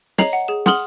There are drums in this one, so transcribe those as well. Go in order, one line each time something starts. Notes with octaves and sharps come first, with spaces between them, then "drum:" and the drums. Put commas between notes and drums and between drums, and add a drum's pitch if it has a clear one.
C#5 D#5 A#5 C7 F7 F#7, drum: snare
F#5
G#4 E7
F#5 C6 D#6 F6 F#7 G7, drum: snare